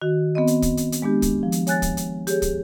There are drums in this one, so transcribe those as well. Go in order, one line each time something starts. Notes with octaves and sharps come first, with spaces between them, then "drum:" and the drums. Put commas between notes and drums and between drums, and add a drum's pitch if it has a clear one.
D#3 F#4
B3 C4 D#5
drum: hi-hat
drum: kick, hi-hat
drum: hi-hat
drum: hi-hat
G#3 B3 D4 G4
drum: kick, hi-hat
F3
drum: hi-hat
C#5 G#5 F#6 A6, drum: hi-hat
drum: kick, hi-hat
drum: hi-hat
G4 G#4 C#5, drum: hi-hat
drum: kick, hi-hat